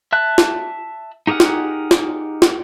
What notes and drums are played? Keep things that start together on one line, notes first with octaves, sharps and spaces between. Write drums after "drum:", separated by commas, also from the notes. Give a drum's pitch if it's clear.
E5 A5 F#6
drum: snare
D#4 G4 G#4 A#4 F#5
drum: snare
drum: snare
drum: snare